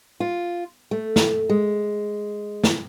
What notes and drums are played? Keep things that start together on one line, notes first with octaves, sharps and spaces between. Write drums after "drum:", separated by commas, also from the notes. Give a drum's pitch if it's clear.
F4
A3
drum: snare
G#3
drum: snare